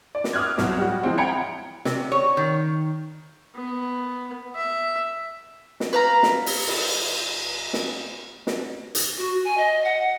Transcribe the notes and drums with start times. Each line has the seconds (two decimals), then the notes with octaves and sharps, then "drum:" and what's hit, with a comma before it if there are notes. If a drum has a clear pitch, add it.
0.15 D5
0.24 drum: snare
0.33 D6 D#6 F6 F#6 G#6
0.58 C2 F#3 B3, drum: snare
0.78 G3 F#4
1.03 E3 F3 G#3 C4
1.18 F#5 G5 A#5 B5 G#6 C#7
1.85 C3, drum: snare
2.12 C#5
2.37 D#3
3.55 B3
4.55 E5
5.80 drum: snare
5.93 B4 F5 A#5
6.23 drum: snare
6.46 drum: open hi-hat
6.67 drum: cymbal
7.73 drum: snare
8.47 drum: snare
8.95 drum: hi-hat
9.18 F#4
9.45 G#5
9.57 D#5
9.84 F#5